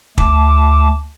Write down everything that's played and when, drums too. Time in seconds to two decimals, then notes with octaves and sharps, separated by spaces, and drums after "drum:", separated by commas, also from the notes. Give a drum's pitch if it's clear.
0.18 D2 A3 A5 D6, drum: kick